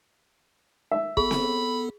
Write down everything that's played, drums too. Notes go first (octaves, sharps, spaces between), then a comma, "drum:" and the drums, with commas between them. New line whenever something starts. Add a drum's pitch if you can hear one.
E5
B3 G#4 A4 B5, drum: kick
drum: snare C4